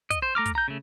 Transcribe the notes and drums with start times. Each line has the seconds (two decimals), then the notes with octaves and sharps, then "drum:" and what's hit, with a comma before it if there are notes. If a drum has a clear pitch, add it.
0.10 D#5, drum: kick, hi-hat
0.22 C5
0.35 A3 A#5 D6 F6
0.46 drum: kick, hi-hat
0.55 A#5 G6
0.68 C#3 A3